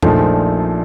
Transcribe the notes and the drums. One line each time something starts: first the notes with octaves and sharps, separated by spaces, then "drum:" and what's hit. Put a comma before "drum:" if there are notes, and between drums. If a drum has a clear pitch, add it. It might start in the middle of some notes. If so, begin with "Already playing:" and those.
A#1 A#2 F3 A3 D#4, drum: tom E2